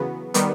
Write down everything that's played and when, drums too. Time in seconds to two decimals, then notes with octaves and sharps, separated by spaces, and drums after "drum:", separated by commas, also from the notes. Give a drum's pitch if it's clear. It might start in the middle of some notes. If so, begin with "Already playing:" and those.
Already playing: E2 C#3 F#3 B3
0.34 D#3 G3 B3, drum: hi-hat